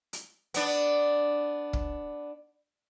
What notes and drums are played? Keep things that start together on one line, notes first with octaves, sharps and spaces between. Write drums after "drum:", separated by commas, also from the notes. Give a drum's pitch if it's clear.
drum: hi-hat
B3 D4, drum: hi-hat
drum: kick